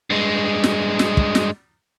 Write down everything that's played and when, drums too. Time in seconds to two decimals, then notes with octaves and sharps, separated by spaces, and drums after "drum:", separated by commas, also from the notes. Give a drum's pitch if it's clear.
0.10 G2 G#3
0.64 drum: snare
0.99 drum: snare
1.17 drum: kick
1.35 drum: snare